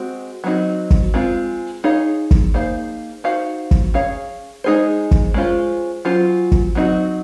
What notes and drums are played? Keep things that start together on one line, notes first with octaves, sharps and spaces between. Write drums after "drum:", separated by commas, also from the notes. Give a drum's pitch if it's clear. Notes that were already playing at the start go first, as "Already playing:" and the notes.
Already playing: G#3 C4 F#4
F#3 C4 D#4 F#4
drum: kick
G#3 C4 F4
D#4 G#4 C#5 F5
drum: kick
A#3 D#4 G#4 C5 F5
D#4 F#4 C5 F5
drum: kick
C#4 G#4 C#5 F5
G#3 D#4 G#4 C5
drum: kick
G#3 C#4 F4 C5
F#3 C#4 F4 C5
drum: kick
F#3 C4 D#4 F#4